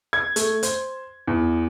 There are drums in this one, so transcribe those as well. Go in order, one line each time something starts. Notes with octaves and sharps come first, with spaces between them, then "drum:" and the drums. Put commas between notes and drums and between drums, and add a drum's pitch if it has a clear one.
G#6
A3, drum: hi-hat
C5, drum: hi-hat
E2